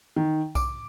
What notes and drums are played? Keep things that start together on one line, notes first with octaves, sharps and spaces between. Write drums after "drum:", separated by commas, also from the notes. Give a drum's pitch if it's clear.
D#3
D6, drum: kick B1, tambourine